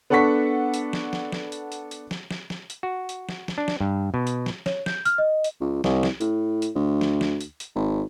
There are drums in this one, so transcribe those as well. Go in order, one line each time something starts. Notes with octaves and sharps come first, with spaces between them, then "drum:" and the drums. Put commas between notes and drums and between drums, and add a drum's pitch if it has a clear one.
B3 D4 A4 F#5 C#6 B6
drum: hi-hat
drum: snare
drum: snare
drum: snare
drum: hi-hat
drum: hi-hat
drum: hi-hat
drum: snare
drum: snare
drum: snare
drum: hi-hat
F#4
drum: hi-hat
drum: snare
drum: snare
D4
drum: snare
G2
B2
drum: hi-hat
drum: snare
C#5, drum: snare
G6, drum: snare
F6, drum: hi-hat
D#5
drum: hi-hat
C#2
C2, drum: snare
drum: snare
A2, drum: hi-hat
drum: hi-hat
D2
drum: snare
drum: snare
drum: hi-hat
drum: hi-hat
G#1